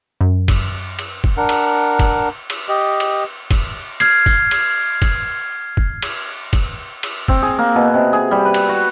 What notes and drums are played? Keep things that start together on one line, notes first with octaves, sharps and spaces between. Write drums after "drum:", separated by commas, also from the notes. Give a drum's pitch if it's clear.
F#2
drum: kick, cymbal
drum: cymbal
drum: kick
D4 A#4 F#5
drum: cymbal
drum: kick, cymbal
drum: cymbal
G4 D#5
drum: cymbal
drum: kick, cymbal
F6 G#6 C7, drum: cymbal
drum: kick
drum: cymbal
drum: kick, cymbal
drum: kick
drum: cymbal
drum: kick, cymbal
drum: cymbal
C4, drum: kick
G#4
A#3
B2
C3
G#4
G3
B4
drum: cymbal
F#4